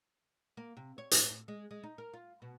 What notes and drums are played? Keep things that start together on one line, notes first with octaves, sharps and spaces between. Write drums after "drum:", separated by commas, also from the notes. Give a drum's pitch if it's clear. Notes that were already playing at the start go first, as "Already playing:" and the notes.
A#3
C3
C#5
A2, drum: hi-hat
G#3
G#3
D#4
A#4
F4
B2